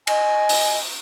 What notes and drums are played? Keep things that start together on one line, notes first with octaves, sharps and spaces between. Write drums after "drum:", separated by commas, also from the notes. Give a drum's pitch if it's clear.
D#5 G#5, drum: cymbal
drum: open hi-hat